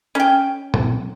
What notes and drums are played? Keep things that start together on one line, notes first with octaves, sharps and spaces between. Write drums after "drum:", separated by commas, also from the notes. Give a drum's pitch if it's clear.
C#4 G5
drum: tom A#2